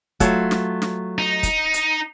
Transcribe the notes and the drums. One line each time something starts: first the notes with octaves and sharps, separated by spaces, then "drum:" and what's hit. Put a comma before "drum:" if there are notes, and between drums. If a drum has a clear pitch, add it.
F#3 A3 F4, drum: kick, hi-hat
drum: snare
drum: snare
D#4
drum: kick, hi-hat
drum: hi-hat